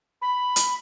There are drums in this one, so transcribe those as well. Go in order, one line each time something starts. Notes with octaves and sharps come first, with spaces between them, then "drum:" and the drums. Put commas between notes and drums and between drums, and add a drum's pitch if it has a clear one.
B5
drum: hi-hat